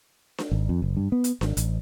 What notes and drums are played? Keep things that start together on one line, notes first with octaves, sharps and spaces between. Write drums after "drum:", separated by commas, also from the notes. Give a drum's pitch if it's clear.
drum: snare D4
G#1
F2
F#1
G2
B3
drum: hi-hat
G#1, drum: snare D4
A1, drum: hi-hat